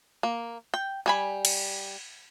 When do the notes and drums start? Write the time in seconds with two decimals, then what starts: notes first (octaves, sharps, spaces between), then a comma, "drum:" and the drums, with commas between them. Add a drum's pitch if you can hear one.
0.23 A#3
0.74 G5
1.06 G3 G#5 B5
1.45 drum: cymbal